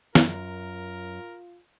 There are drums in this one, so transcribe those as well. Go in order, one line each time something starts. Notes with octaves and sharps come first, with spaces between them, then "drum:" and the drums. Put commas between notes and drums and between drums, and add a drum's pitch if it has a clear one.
F#2 F4 A#4, drum: snare